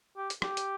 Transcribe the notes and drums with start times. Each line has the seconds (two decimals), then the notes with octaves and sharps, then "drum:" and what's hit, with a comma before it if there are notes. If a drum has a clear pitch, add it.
0.17 G4
0.30 drum: hi-hat
0.42 G4, drum: rim click
0.57 drum: hi-hat